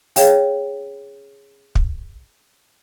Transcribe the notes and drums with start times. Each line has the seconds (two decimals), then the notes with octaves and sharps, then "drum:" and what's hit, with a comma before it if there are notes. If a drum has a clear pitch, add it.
0.16 G#4 C#5 F5 G5, drum: open hi-hat
1.75 drum: kick